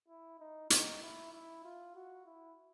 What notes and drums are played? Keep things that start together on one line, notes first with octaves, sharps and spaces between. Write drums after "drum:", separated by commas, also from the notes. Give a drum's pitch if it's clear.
E4
D#4
D#4, drum: hi-hat
E4
E4
F4
F#4
E4